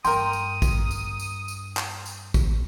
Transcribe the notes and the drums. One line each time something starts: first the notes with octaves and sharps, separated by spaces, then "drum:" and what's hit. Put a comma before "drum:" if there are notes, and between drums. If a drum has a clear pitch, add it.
G2 D4 A#4 G5 C6 D#6, drum: tambourine
drum: tambourine
drum: kick, tambourine
drum: tambourine
drum: tambourine
drum: tambourine
drum: clap
drum: tambourine
drum: kick, tambourine